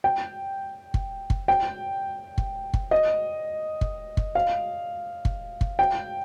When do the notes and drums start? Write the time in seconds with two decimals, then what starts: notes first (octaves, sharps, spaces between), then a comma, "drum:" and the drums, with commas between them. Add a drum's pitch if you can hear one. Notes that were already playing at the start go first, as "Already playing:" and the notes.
0.04 G5
0.94 drum: kick
1.30 drum: kick
1.48 G5
2.38 drum: kick
2.74 drum: kick
2.91 D#5
3.81 drum: kick
4.17 drum: kick
4.35 F5
5.25 drum: kick
5.61 drum: kick
5.79 G5